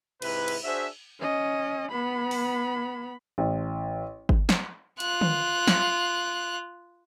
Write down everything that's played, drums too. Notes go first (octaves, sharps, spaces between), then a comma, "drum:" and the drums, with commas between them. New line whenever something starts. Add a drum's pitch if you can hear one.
G#2 C3 E4 B4, drum: cymbal
drum: cymbal
D4 F#4 G#4 C5 E5
C#4 D#5
B3 B5
drum: open hi-hat
A1
drum: kick G1
drum: snare
F4 F#6, drum: hi-hat
drum: tom
drum: snare